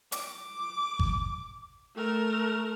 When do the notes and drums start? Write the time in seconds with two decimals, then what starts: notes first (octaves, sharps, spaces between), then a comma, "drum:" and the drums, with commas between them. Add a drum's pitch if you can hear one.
0.12 D6, drum: hi-hat
0.99 drum: kick G#1
1.96 A3 A#4